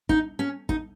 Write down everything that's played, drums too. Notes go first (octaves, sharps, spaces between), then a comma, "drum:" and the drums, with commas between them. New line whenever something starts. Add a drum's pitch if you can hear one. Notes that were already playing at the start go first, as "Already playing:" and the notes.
D#4, drum: kick
C#4
D#4, drum: kick